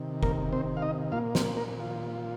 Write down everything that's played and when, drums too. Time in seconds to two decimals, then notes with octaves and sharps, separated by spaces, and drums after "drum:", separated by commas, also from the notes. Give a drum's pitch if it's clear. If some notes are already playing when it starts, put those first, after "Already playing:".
Already playing: C3 D#3
0.23 A#3 A#4, drum: kick F#1
0.52 C4 C5
0.77 F5
0.82 D#4 D#5
1.12 A#2 A#3 F4 F5
1.35 C4 C5, drum: snare
1.57 A#3 A#4
1.80 F4